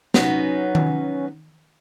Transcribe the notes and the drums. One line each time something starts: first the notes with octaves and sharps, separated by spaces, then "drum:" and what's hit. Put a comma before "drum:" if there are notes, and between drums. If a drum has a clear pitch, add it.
F#3 B3 C#4 D#4, drum: snare
drum: tom D#3